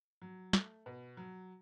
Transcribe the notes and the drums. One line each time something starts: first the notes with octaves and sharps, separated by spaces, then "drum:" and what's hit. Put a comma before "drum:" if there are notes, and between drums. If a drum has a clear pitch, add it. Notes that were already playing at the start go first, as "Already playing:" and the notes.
F#3
A3, drum: snare
B2
F#3